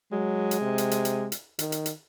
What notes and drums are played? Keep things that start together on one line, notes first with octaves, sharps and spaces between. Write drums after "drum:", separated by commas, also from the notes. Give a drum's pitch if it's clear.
F#3 G#3
drum: hi-hat
C3
drum: hi-hat
drum: hi-hat
drum: hi-hat
drum: hi-hat
D#3, drum: hi-hat
drum: hi-hat
drum: hi-hat